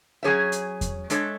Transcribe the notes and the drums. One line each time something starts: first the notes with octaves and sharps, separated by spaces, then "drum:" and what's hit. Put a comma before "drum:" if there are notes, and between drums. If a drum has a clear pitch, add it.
F#3 C#4 G#4 C#5 E5
drum: hi-hat
drum: kick E2, hi-hat
G#3 D4 A4 C#5 E5, drum: hi-hat